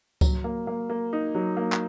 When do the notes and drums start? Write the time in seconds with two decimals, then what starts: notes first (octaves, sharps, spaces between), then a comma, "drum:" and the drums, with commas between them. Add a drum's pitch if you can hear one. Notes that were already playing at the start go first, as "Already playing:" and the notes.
0.21 F#3, drum: kick C#2, tambourine
0.44 A#3
0.67 A#3
0.90 A#3
1.13 D#4
1.35 F#3
1.57 A#3
1.72 drum: clap